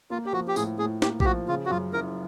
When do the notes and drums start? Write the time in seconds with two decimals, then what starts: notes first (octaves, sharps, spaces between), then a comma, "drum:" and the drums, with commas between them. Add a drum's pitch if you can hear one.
0.10 A#3 F4
0.26 G4
0.33 F3 F#4
0.48 G4
0.56 A2 G#4, drum: tambourine
0.79 A2 G#4
1.02 A#3 G4, drum: snare
1.20 G4, drum: kick A#1
1.25 F3 F#4
1.48 C#3 F4
1.66 F#4
1.71 F#2 F4
1.93 F#1 A#4